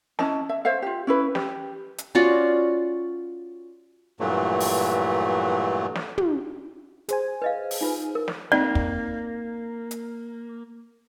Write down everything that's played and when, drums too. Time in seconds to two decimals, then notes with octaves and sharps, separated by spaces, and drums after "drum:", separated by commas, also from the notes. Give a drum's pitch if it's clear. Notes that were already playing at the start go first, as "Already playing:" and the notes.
0.19 C#4 E4 D#5 A5, drum: snare
0.49 E5
0.65 C5 C#5 E5 F5
0.82 F4 G4
1.07 C#4 E4 B4
1.35 G4, drum: snare
1.98 drum: hi-hat
2.15 C#4 F4 F#4 D5
4.20 G2 A#2 E3 F#3 A3
4.60 drum: open hi-hat
5.95 drum: snare
6.18 drum: tom
7.09 G#4 C5 G#5, drum: hi-hat
7.42 B4 D#5 F5
7.71 drum: open hi-hat
7.81 D#4 F4 B4
8.15 A#4
8.28 drum: snare
8.52 A#3 C4 D#4 D5 D#5
8.75 drum: kick
9.91 drum: hi-hat